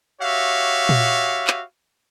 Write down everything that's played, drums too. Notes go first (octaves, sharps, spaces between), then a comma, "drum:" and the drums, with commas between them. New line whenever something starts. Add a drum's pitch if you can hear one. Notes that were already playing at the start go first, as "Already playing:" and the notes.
F#4 G4 C#5 E5 F5
drum: tom A#2
drum: clap